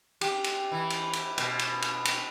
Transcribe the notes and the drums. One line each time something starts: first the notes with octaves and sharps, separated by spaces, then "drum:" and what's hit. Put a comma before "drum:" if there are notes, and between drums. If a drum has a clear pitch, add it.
G4, drum: cymbal
drum: cymbal
E3
drum: cymbal
drum: cymbal
B2, drum: cymbal
drum: cymbal
drum: cymbal
drum: cymbal